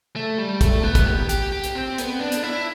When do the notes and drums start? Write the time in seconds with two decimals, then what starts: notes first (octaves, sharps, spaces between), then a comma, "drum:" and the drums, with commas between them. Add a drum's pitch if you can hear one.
0.16 A3
0.38 G3
0.61 A3, drum: kick, hi-hat
0.83 B3
0.95 drum: kick, hi-hat
1.06 G4
1.29 G4, drum: hi-hat
1.52 G4
1.63 drum: hi-hat
1.75 C4
1.98 B3, drum: hi-hat
2.20 D4
2.32 drum: hi-hat
2.43 E4